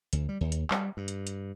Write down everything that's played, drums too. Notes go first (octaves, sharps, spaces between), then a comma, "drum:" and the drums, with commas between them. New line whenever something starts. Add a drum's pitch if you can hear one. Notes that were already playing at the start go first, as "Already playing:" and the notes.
D2, drum: hi-hat
G3
D#2
drum: hi-hat
G3, drum: clap
G2
drum: hi-hat
drum: hi-hat